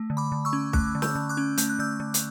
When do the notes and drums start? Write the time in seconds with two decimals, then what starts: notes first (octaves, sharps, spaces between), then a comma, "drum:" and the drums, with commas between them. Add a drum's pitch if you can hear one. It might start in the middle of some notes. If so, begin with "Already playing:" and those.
Already playing: A3
0.10 D3
0.17 B5 D6
0.32 D3
0.45 C#6 E6
0.53 C#4
0.73 A3 D6 F#6, drum: kick
0.95 D3
1.02 E6 G6, drum: snare
1.15 D3
1.29 D6 F#6
1.37 C#4
1.57 A3 G6, drum: hi-hat
1.70 F#6
1.79 D3 E6 G6
2.00 D3
2.14 drum: hi-hat